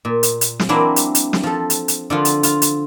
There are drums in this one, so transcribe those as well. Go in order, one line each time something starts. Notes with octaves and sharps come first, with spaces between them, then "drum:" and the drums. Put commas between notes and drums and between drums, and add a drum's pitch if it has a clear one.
A#2
drum: hi-hat
drum: hi-hat
drum: snare
E3 F#3 A#3 C4 D4 E4
drum: hi-hat
drum: hi-hat
drum: snare
F3 A4
drum: hi-hat
drum: hi-hat
D3 F3 F4 F#5
drum: hi-hat
F4, drum: hi-hat
drum: hi-hat